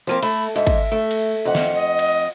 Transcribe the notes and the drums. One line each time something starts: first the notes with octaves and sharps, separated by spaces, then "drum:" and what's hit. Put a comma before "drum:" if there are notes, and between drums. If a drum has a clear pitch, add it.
F3 A#3 C4
A3 B5, drum: cymbal
G#2 E5
drum: kick, cymbal
A3
drum: cymbal
F2 F#5
drum: snare
D#5
drum: cymbal